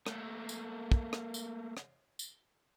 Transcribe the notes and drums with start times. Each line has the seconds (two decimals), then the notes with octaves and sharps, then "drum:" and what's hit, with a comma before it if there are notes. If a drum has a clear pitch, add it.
0.06 A3 A#3, drum: rim click
0.49 drum: tambourine
0.92 drum: kick
1.13 drum: rim click
1.34 drum: tambourine
1.77 drum: rim click
2.19 drum: tambourine